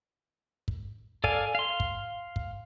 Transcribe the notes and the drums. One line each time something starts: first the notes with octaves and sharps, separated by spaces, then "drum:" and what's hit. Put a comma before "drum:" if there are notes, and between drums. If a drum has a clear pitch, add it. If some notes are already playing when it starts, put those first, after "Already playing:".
drum: kick
A4 D5 F5 G#5, drum: kick
F5 C6
drum: kick
drum: kick